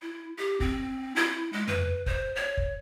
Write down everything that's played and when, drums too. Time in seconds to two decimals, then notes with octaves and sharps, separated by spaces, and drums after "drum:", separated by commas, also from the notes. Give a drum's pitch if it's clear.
0.02 E4
0.38 G4
0.60 C4, drum: kick
1.16 E4
1.53 G#3
1.68 B4, drum: tom F2
2.06 C5, drum: kick
2.36 C#5
2.57 drum: kick